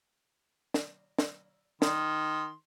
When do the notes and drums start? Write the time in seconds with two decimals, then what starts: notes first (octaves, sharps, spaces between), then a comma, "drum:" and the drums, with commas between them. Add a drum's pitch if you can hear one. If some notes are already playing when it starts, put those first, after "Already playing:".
0.74 drum: snare
1.19 drum: snare
1.82 D#3 C6, drum: snare